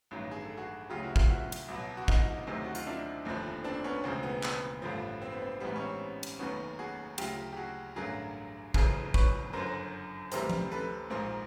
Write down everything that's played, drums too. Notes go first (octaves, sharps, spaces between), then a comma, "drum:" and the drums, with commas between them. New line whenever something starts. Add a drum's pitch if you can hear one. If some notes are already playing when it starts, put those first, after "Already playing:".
A1 G2 D#3 F#3
G#4
A4
F#4 G#4
D2 C#3 F#3 F4 G4
E4 F#4
F4 G4, drum: kick
E4 F#4
drum: cymbal
C2 B2 F#3
F#4
D#4 F4, drum: kick
D2 C3 D#3 F#3
F#4
F4, drum: hi-hat
D4 E4
F1 D#2 D3 F3
C4 D4
B3 C#4
E1 D2 C#3 F3 C4
B3
B3, drum: clap
A1 G2 D3 F3
C4
B3
C4
A1 G#2 E3 G3 B3
C#4
C4
drum: cymbal
F1 D#2 D#3 F#3 B3 C#4
F#4 G#4
D2 C#3 F#3 F4 G4, drum: cymbal
G4
F#4 G#4
A1 G2 D3 F#3 G#4 A#4
G1 F2 C#3 E3 G#4 A#4, drum: kick
B4 C#5, drum: kick
G1 F#2 D3 F#3 A#4 C5
D2 C3 E3 G3 A#4 C5, drum: hi-hat
drum: tom
A4 B4
A#1 G#2 F3 A#4 C5